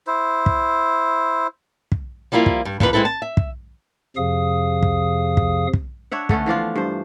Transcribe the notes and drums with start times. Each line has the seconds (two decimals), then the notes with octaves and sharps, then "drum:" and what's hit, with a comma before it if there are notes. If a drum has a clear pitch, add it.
0.07 E4 C5
0.46 drum: kick
1.92 drum: kick
2.32 F3 G3 A#3 E4 F4
2.46 drum: kick
2.65 G2
2.80 F2 D3 D#4 F4 B4, drum: kick
2.93 G#3 C4 E4 A4 B4
3.05 A5
3.22 E5
3.37 drum: kick
4.16 F2 C3 F3 G#4 F5 D#6
4.83 drum: kick
5.37 drum: kick
5.73 drum: kick
6.12 D4 C#5 E5 F#5
6.29 D3 A3 B3 C#4, drum: kick
6.46 E3 F3 D4 F4
6.76 G2 C5